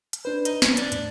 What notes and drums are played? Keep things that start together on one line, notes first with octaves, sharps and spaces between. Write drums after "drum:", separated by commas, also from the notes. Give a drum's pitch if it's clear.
drum: hi-hat
D4 B4 C5
D#4, drum: hi-hat
C4 C#4, drum: snare
D4, drum: hi-hat
E2 A2, drum: hi-hat